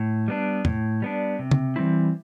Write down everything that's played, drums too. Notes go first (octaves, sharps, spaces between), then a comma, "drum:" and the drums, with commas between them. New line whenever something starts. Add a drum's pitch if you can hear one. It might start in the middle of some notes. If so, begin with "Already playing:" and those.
Already playing: A2
G3 B3 D4
A2, drum: tom
G3 B3 D4
C3
drum: tom
E3 G3 C4 E4